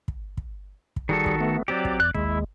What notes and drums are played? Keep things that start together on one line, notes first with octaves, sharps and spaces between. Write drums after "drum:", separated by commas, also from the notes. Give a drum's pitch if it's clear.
drum: kick
drum: kick
drum: kick
D#3 G3 F#4 G#4 A4
drum: kick
A3 B3
F#3 C4 G4 D5
drum: kick
F2 D5 F#6
D#2 G#3 E4, drum: kick